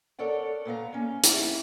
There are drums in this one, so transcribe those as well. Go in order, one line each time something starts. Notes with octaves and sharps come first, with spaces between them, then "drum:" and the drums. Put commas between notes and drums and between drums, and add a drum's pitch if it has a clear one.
A4 A#4 C#5 D5 F#5
A#2 B3 F5 A#5
A#3 C#4
E4, drum: hi-hat